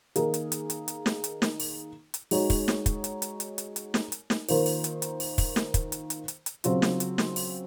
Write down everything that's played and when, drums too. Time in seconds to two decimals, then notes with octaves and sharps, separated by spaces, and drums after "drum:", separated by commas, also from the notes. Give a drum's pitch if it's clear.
0.16 D#3 A#3 D#4 G#4, drum: hi-hat
0.34 drum: hi-hat
0.52 drum: hi-hat
0.70 drum: hi-hat
0.88 drum: hi-hat
1.06 drum: snare
1.24 drum: hi-hat
1.42 drum: snare
1.60 drum: open hi-hat
2.14 drum: hi-hat
2.31 G#3 D#4 F#4 C#5, drum: open hi-hat
2.50 drum: kick, open hi-hat
2.68 drum: snare
2.86 drum: kick, hi-hat
3.04 drum: hi-hat
3.22 drum: hi-hat
3.40 drum: hi-hat
3.58 drum: hi-hat
3.76 drum: hi-hat
3.94 drum: snare
4.12 drum: hi-hat
4.30 drum: snare
4.49 D#3 A#3 F4 C5, drum: open hi-hat
4.66 drum: open hi-hat
4.84 drum: hi-hat
5.02 drum: hi-hat
5.20 drum: open hi-hat
5.38 drum: kick, open hi-hat
5.56 drum: snare
5.74 drum: kick, hi-hat
5.92 drum: hi-hat
6.10 drum: hi-hat
6.28 drum: hi-hat
6.46 drum: hi-hat
6.64 C#3 F#3 C4 F4, drum: hi-hat
6.82 drum: snare
7.00 drum: hi-hat
7.18 drum: snare
7.36 drum: open hi-hat